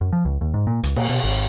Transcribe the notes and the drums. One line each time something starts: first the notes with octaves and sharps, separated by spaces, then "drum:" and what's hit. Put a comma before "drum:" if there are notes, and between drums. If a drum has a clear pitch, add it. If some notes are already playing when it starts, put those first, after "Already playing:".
F#2
F3
C#2
D#2
G#2
A#2
C#2, drum: hi-hat
A#2, drum: cymbal
B2
G#1